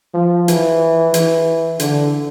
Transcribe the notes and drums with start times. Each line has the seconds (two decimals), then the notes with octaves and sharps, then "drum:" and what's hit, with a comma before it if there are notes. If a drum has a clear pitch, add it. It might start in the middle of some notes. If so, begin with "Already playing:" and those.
0.14 F3
0.48 E3, drum: hi-hat
1.14 E3, drum: hi-hat
1.80 D3, drum: hi-hat